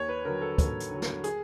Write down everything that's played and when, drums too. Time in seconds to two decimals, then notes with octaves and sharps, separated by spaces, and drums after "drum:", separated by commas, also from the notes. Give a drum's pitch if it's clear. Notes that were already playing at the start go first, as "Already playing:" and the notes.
Already playing: D#2 C#5
0.09 B4
0.25 D3 F#3 A#4
0.41 A4
0.58 D#2, drum: kick, hi-hat
0.80 drum: hi-hat
0.91 D3 F#3
1.02 drum: snare
1.24 G#4, drum: hi-hat